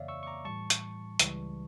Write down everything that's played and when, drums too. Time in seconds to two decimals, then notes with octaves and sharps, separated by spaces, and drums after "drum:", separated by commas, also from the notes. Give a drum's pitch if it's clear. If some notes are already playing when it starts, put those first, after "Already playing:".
Already playing: F2 C#3 E3 A#3 C#5 D5 E5 F5
0.08 C#6 E6
0.23 C#6
0.27 A#5 D6
0.45 A2 E3 G3 A5 C#6
0.70 drum: hi-hat
1.19 C#2 C#3 E3 G3, drum: hi-hat